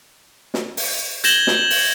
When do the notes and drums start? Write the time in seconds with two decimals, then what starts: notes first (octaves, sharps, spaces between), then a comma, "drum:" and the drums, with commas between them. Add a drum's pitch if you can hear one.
0.54 drum: snare
0.77 drum: open hi-hat
1.24 G6 G#6 A#6 E7 F#7 G7, drum: hi-hat
1.47 drum: snare
1.70 drum: open hi-hat